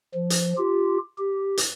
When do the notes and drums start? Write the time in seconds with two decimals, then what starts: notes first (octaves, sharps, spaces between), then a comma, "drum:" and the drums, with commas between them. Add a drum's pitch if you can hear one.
0.14 F3
0.30 drum: hi-hat
0.57 F4 G4
1.18 G4
1.57 drum: hi-hat